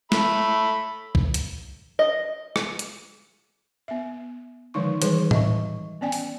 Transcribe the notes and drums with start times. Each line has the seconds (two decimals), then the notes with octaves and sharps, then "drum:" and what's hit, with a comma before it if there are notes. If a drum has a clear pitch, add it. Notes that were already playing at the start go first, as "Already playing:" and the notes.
0.12 A3 B5, drum: snare
1.15 drum: kick
1.34 drum: hi-hat
1.99 D#5
2.56 drum: rim click
2.79 drum: hi-hat
3.88 B3 E5
4.74 D3 D#3 F3 G#3 D#4 C#6
5.02 D#3 E3 G3 G#4 B4 C#5, drum: hi-hat
5.31 D#5 E5 C#6, drum: tom A2
6.01 B3 C#4 D5 G5 G#5
6.12 drum: open hi-hat